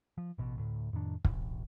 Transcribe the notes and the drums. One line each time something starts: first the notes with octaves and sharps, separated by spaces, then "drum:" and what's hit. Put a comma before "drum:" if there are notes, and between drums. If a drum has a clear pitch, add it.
F3
A1 B2
D2 A2
F2 A2 D#3 D4
E1 A1, drum: kick